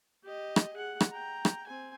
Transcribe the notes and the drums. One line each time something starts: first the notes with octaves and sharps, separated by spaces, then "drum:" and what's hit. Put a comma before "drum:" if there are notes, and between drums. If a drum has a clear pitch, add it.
G4 D#5
drum: rim click
G#4 F#5
drum: rim click
G5 A#5
drum: rim click
C4 G#5